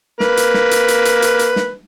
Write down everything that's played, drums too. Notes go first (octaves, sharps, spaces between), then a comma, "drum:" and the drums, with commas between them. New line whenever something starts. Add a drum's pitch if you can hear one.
A#3 B4, drum: snare
drum: hi-hat
drum: snare
drum: hi-hat
drum: hi-hat
drum: hi-hat
drum: hi-hat
drum: hi-hat
drum: snare